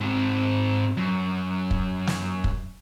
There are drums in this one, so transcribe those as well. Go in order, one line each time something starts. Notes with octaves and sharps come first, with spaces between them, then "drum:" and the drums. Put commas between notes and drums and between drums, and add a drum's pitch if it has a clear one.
G#2 C4
F#2
drum: kick
drum: snare
drum: kick